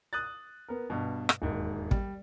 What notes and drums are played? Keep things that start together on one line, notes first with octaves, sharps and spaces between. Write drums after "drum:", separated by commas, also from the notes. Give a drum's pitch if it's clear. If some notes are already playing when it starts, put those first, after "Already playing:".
D#6 F#6 A6
B3 A#4
G2 B2
drum: rim click
E1 D#2 G#2
G3, drum: kick